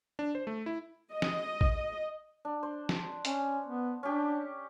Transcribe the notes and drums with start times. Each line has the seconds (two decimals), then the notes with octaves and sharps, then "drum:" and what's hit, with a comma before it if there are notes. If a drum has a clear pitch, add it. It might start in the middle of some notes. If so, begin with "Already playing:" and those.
0.19 D4
0.35 C5
0.47 A3
0.66 E4
1.13 D#5
1.22 drum: snare
1.61 drum: kick A1
2.45 D4
2.63 C5
2.89 drum: snare
3.25 C#4, drum: hi-hat
3.67 B3
4.03 C#4 D4 G4